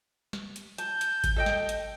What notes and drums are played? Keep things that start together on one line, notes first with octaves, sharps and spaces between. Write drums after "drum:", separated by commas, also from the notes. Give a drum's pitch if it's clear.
drum: snare
drum: hi-hat
A5 G6, drum: hi-hat
drum: hi-hat
drum: kick G#1, hi-hat
A4 D#5 G5
drum: snare
drum: hi-hat